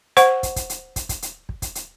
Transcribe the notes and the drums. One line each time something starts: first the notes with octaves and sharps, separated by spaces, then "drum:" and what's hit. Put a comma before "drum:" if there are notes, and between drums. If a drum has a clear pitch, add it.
C5 F#5 C#6, drum: hi-hat
drum: kick, hi-hat
drum: kick, hi-hat
drum: hi-hat
drum: kick, hi-hat
drum: kick, hi-hat
drum: hi-hat
drum: kick
drum: kick, hi-hat
drum: hi-hat